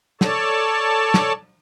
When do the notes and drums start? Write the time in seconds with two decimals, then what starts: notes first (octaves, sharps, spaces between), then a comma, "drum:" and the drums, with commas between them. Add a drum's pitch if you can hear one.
0.21 A4 C#5 D5 A5, drum: snare
1.14 drum: snare